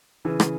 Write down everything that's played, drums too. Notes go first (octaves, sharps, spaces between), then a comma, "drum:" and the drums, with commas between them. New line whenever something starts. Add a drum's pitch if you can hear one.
C#3 E3
drum: rim click